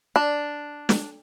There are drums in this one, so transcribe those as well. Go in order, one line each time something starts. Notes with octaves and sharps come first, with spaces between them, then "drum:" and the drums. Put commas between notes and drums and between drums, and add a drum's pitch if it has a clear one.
D4
drum: snare